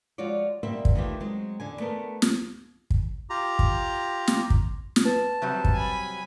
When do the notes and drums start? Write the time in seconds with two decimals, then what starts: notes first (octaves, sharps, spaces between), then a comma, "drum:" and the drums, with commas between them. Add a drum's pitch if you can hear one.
0.18 F3 G#3 F4 F#4 C#5 D5
0.63 D2 B2 G3 A#3 C5 E5
0.85 drum: kick
0.95 D#3 E3 A3 C#4 F4 G4
1.20 F#3 G#3 C4
1.60 E2 D3 G#5
1.79 A3 B3 A4 A#4
2.22 drum: snare
2.90 drum: kick
3.30 F4 G4 A#5
3.59 drum: kick
4.28 drum: snare
4.50 drum: kick
4.96 drum: snare
5.05 B4 A5
5.42 C3 F#3 G3
5.65 drum: kick
5.74 G#5 B5